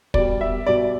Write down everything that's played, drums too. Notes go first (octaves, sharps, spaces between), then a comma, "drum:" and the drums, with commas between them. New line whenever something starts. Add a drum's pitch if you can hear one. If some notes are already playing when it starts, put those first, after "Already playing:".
B2 G3 D5, drum: kick
E5
B2 G3 D5